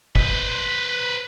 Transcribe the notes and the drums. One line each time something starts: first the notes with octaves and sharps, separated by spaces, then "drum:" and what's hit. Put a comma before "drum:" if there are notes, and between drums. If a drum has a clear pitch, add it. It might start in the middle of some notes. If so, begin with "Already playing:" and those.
B4 C5, drum: kick